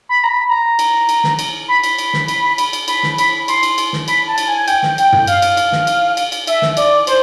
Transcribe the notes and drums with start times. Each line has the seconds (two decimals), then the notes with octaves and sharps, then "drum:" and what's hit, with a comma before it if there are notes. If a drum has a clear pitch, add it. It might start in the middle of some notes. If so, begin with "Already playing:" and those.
0.09 B5
0.24 A#5
0.29 B5
0.49 A#5
0.79 drum: cymbal
1.09 drum: cymbal
1.24 drum: snare
1.39 drum: cymbal
1.68 B5
1.84 drum: cymbal
1.98 drum: cymbal
2.13 drum: snare
2.28 drum: cymbal
2.58 drum: cymbal
2.73 drum: cymbal
2.88 B5, drum: cymbal
3.03 drum: snare
3.18 B5, drum: cymbal
3.48 C6, drum: cymbal
3.63 drum: cymbal
3.78 drum: cymbal
3.93 drum: snare
4.08 B5, drum: cymbal
4.28 A5
4.38 drum: cymbal
4.47 G#5
4.61 G#5
4.68 G5, drum: cymbal
4.83 drum: snare
4.98 G5, drum: cymbal
5.12 drum: tom
5.27 F5, drum: cymbal
5.42 drum: cymbal
5.57 drum: cymbal
5.72 drum: snare
5.87 drum: cymbal
6.17 drum: cymbal
6.32 drum: cymbal
6.47 E5, drum: cymbal
6.62 drum: snare
6.77 D5, drum: cymbal
7.07 C5, drum: cymbal